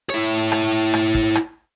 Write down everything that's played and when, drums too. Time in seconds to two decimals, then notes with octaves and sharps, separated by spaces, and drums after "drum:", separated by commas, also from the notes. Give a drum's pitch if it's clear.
0.10 E4 C#5
0.52 drum: rim click
0.94 drum: rim click
1.14 drum: kick
1.35 drum: rim click